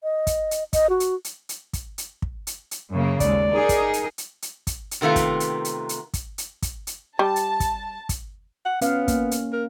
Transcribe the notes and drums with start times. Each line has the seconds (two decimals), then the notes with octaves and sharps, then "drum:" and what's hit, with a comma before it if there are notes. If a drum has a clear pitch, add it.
0.03 D#5
0.27 drum: kick, hi-hat
0.51 drum: hi-hat
0.73 D#5, drum: kick, hi-hat
0.90 F#4
1.00 drum: hi-hat
1.25 drum: hi-hat
1.49 drum: hi-hat
1.73 drum: kick, hi-hat
1.98 drum: hi-hat
2.22 drum: kick
2.47 drum: hi-hat
2.71 drum: hi-hat
2.91 F#2 C#3 A#3
3.20 D#2 G#3 D5, drum: kick, hi-hat
3.52 D#4 G#4 A#4
3.69 drum: kick, hi-hat
3.93 drum: hi-hat
4.18 drum: hi-hat
4.42 drum: hi-hat
4.67 drum: kick, hi-hat
4.91 drum: hi-hat
5.01 C3 D#3 A3 B3 F4
5.16 drum: kick, hi-hat
5.40 drum: hi-hat
5.65 drum: hi-hat
5.89 drum: hi-hat
6.14 drum: kick, hi-hat
6.38 drum: hi-hat
6.62 drum: kick, hi-hat
6.87 drum: hi-hat
7.19 G3 A5
7.36 drum: hi-hat
7.60 drum: kick, hi-hat
8.09 drum: kick, hi-hat
8.65 F#5
8.81 B3 C#4 F5, drum: hi-hat
9.08 A#3, drum: kick, hi-hat
9.31 drum: hi-hat
9.52 A#4